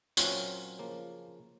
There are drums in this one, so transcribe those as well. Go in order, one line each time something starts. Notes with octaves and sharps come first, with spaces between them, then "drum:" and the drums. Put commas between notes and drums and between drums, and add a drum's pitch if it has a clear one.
A#2 F#3 C4 C#4 F4, drum: tambourine
C#3 F3 A#3